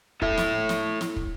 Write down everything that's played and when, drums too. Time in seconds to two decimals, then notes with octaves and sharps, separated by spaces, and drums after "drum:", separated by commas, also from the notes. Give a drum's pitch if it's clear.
0.22 E4 A4 E5, drum: kick
0.37 drum: snare
0.69 drum: snare
1.01 drum: snare
1.16 drum: kick